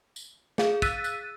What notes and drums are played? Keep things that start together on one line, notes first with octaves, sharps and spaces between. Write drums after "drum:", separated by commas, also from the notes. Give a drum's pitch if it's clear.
drum: tambourine
G#4 F5, drum: snare
E6 F#6 A6 B6 D#7, drum: kick, tambourine
drum: tambourine